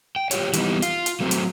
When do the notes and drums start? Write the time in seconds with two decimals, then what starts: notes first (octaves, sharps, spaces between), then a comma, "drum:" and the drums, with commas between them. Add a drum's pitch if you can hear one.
0.16 G5
0.31 F4 G4 C#5, drum: hi-hat
0.53 E3 G3 A3 B3 D#4, drum: hi-hat
0.82 F4, drum: hi-hat
1.06 drum: hi-hat
1.20 F#3 A3 C4
1.31 drum: hi-hat